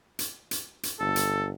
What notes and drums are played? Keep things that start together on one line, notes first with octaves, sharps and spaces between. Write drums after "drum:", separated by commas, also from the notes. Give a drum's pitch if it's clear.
drum: hi-hat
drum: hi-hat
drum: hi-hat
G1 A4
drum: hi-hat